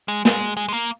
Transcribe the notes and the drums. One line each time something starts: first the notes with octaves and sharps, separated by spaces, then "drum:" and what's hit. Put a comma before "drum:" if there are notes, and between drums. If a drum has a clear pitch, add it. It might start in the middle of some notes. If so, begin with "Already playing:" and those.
G#3
G#3, drum: snare
G#3
G#3
A#3